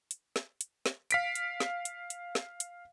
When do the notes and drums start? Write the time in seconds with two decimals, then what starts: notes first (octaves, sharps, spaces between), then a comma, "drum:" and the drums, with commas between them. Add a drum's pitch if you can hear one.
0.11 drum: hi-hat
0.36 drum: snare
0.61 drum: hi-hat
0.86 drum: snare
1.11 F5 B6 D7, drum: hi-hat
1.35 drum: hi-hat
1.60 drum: snare
1.85 drum: hi-hat
2.10 drum: hi-hat
2.35 drum: snare
2.60 drum: hi-hat